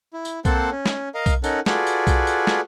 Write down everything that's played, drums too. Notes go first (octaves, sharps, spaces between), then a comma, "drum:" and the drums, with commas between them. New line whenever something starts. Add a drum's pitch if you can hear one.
E4
drum: tambourine
A#3 C4 A4 C5 F#5 A5, drum: kick B1, tambourine
C#4
drum: snare
A#4 D#5 F5
drum: kick B1, tambourine
C#4 D#4 A4 A#4 F#5, drum: tambourine
F4 F#4 G#4 A4 B4 D5, drum: snare
drum: tambourine
drum: kick B1, tambourine
drum: tambourine
drum: snare